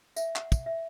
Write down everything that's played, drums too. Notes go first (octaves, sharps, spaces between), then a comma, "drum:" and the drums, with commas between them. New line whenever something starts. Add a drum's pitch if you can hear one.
E5, drum: tambourine
F#5, drum: clap
drum: kick, tambourine
E5